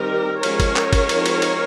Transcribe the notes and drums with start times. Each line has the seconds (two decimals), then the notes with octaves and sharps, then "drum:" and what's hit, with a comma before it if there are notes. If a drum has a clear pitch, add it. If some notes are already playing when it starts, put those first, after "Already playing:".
Already playing: D#3 G3 C4 D#4 G4 A#4
0.43 F3 G#3 C#4 A#4 C#5, drum: cymbal
0.60 drum: kick, cymbal
0.76 drum: clap
0.93 drum: kick, cymbal
1.09 F3 G#3 C4 D#4, drum: cymbal
1.26 drum: cymbal
1.42 drum: cymbal